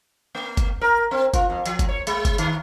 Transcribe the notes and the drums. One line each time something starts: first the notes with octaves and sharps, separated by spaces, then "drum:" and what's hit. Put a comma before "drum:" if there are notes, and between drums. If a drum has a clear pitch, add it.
A#3
drum: kick F#1, hi-hat
A#4
C4
F4, drum: kick F#1, hi-hat
F2
F3, drum: hi-hat
drum: kick F#1, hi-hat
C#5
G#3, drum: hi-hat
drum: kick F#1, hi-hat
D#3, drum: hi-hat